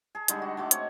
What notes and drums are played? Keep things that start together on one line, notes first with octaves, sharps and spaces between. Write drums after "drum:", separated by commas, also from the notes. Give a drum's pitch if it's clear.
G#4 A5
D3 G3 G#3 D#4, drum: hi-hat
F#4
G#3 A3 F#4 D6
C4 C#5 D#5, drum: hi-hat